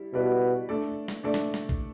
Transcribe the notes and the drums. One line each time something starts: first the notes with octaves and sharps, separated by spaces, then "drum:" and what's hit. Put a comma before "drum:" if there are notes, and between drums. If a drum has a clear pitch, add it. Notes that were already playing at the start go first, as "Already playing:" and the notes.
Already playing: G3 E4
B2 G3 E4 B4 D5
A3 D4 A4 D5
drum: snare
A3 D4 A4 D5
drum: snare
drum: snare
drum: kick A#1